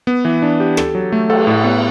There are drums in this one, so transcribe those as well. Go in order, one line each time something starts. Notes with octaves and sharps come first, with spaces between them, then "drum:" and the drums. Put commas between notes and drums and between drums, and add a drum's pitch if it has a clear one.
B3
E3
D4
G4
A4, drum: rim click
F#3
A3
A4, drum: cymbal
A2
B3